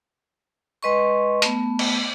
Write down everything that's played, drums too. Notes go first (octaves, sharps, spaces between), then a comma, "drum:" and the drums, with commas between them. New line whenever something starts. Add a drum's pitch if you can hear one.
G#3 B4 D#5 C6 C#6
A3 B3, drum: hi-hat
drum: cymbal